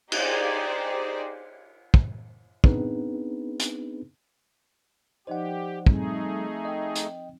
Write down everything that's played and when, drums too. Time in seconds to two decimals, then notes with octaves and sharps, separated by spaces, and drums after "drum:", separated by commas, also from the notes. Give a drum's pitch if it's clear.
0.12 D#4 G4 G#4 C5 D5, drum: cymbal
1.94 drum: kick
2.64 B3 C4 D4 D#4 G#4 B4, drum: kick
3.60 drum: hi-hat
5.27 F3 D#4 G4 C5 D5 D#5 F#5
5.86 G3 A3 C4 D#4 G#4, drum: kick
6.65 D#5 G5
6.96 drum: hi-hat